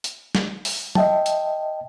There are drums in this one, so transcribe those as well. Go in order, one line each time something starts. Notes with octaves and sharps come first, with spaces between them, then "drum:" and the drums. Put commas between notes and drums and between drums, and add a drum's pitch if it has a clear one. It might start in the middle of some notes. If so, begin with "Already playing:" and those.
drum: hi-hat
drum: snare
drum: open hi-hat
D#5 E5 G5 A5, drum: tom
drum: hi-hat